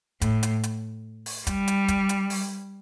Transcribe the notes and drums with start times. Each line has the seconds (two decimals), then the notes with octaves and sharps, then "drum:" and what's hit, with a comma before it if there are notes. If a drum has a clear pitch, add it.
0.22 A2, drum: kick, hi-hat
0.43 drum: hi-hat
0.63 drum: hi-hat
1.26 drum: open hi-hat
1.47 G3, drum: kick, hi-hat
1.68 drum: hi-hat
1.88 drum: kick, hi-hat
2.09 drum: hi-hat
2.30 drum: open hi-hat